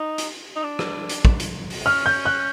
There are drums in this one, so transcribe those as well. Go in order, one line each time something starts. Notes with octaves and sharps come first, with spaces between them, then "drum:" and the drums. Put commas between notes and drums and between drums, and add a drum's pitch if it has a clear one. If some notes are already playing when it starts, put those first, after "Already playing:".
Already playing: D#4
drum: hi-hat
D#4
D4
drum: rim click
drum: hi-hat
drum: kick
drum: hi-hat
drum: open hi-hat
C#4 F6
G6
F#6